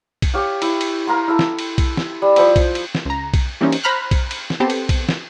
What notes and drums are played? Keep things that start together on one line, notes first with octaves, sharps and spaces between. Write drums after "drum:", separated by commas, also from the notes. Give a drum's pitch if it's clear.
drum: kick B1, cymbal
G4 C#5 F5
E4, drum: cymbal
drum: cymbal
A#4 F5 A#5 C6
E4 A4
drum: snare
drum: cymbal
drum: kick B1, cymbal
drum: snare
G3
F3 C5 B5 E6, drum: cymbal
drum: kick B1, cymbal
drum: cymbal
drum: snare
C#2 A#5
drum: kick B1, cymbal
E3 G3 A#3 C4 C#4 D#4
drum: cymbal
C5 A#5 B5 F6 F#6
drum: kick B1, cymbal
drum: cymbal
drum: snare
B3 C4 G4 A4 C5
drum: cymbal
drum: kick B1, cymbal
drum: snare